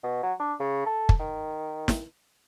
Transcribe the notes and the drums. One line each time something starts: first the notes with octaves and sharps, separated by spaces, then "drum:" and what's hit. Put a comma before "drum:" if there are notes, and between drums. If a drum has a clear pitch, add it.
B2
F#3
D4
C#3
A4
drum: kick
D#3
drum: snare